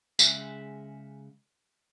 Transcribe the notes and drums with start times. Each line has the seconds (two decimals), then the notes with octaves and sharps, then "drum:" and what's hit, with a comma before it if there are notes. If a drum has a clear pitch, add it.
0.19 C#3 G#3 E5 F#5, drum: tambourine